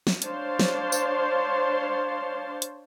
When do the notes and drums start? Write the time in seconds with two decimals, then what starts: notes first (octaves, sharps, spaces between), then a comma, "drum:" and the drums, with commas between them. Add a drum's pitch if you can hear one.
0.07 drum: snare
0.22 D4 C5 C#5 F5 A5 C6, drum: hi-hat
0.60 drum: snare
0.92 drum: tambourine
2.62 drum: hi-hat